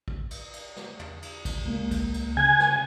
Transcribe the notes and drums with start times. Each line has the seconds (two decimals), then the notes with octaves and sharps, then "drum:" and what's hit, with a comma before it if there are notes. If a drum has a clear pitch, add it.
0.08 drum: kick
0.31 drum: cymbal
0.54 drum: cymbal
0.76 drum: snare
0.99 drum: tom
1.22 drum: cymbal
1.45 drum: kick, cymbal
1.65 C#2 A#3
1.91 drum: kick, cymbal
2.14 drum: cymbal
2.37 C#3 G#5 F#6
2.60 drum: snare